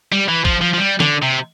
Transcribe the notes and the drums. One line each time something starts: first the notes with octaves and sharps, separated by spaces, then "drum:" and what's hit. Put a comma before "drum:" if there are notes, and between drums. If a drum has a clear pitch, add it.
G3
E3
F3, drum: kick
F3
F3
G3
D3, drum: snare
C3